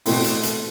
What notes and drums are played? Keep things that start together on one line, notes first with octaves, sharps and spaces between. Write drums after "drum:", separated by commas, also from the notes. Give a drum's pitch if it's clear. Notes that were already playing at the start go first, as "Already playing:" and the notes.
B2 A3 C4 E4, drum: open hi-hat
drum: hi-hat
drum: hi-hat